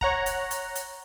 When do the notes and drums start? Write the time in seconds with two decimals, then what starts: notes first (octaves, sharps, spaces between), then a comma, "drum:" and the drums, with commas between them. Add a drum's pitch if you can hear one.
0.01 C#5 F#5 A#5, drum: kick
0.26 drum: hi-hat
0.51 drum: hi-hat
0.75 drum: hi-hat